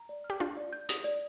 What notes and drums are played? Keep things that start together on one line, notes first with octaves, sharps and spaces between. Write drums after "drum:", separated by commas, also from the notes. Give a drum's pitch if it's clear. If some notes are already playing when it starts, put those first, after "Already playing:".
Already playing: A#5
D5
F6
G4
D4 F4 G6
D5
G6
D#6, drum: hi-hat
D5